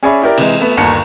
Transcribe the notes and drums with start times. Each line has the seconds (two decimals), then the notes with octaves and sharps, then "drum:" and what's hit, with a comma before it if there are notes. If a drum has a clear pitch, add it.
0.03 C#4 G#4 C#5 D5 E5 B5
0.22 E4 G4 A#4 D5
0.38 C3 E3 G#3, drum: cymbal
0.60 A3 B3
0.77 G1 D#2 A#5 C#7